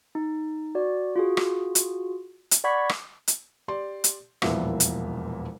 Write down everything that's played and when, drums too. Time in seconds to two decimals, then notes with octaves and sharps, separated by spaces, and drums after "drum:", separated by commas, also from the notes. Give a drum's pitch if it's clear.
0.15 D#4
0.75 F#4 D5
1.16 F4 F#4 G#4
1.37 drum: rim click
1.75 drum: hi-hat
2.51 drum: hi-hat
2.64 D5 F#5 B5 C#6 G#6 B6
2.89 drum: rim click
3.28 drum: hi-hat
3.68 G4 D5 C6
4.04 drum: hi-hat
4.42 E1 C2 F2 A#2 B3 E5, drum: rim click
4.80 drum: hi-hat